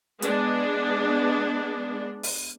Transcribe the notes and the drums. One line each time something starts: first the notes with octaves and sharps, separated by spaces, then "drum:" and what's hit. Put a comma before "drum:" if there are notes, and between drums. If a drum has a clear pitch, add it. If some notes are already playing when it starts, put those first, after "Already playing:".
G#3 B3 D4, drum: hi-hat
drum: open hi-hat